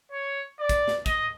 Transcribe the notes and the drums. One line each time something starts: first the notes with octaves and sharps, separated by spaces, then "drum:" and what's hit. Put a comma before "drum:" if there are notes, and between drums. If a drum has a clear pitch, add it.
C#5
D5
drum: kick, hi-hat
drum: snare
D#5, drum: kick, hi-hat